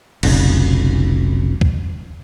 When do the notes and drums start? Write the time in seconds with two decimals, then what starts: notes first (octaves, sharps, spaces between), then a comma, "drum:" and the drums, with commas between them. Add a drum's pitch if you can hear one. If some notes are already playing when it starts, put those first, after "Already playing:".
0.23 F1 B1 C#3, drum: cymbal
1.61 drum: kick